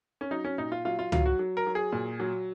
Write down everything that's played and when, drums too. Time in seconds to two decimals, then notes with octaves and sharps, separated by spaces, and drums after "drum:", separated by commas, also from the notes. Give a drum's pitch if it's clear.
0.21 C#4
0.31 F#3 D#4
0.45 C#4
0.58 A#2 D#4
0.72 F4
0.85 F#3 F4
0.99 F4
1.12 F#3 F4, drum: tom
1.26 F#4
1.39 F#3
1.57 A#4
1.67 F#3
1.75 G#4
1.92 A#2
2.20 F#3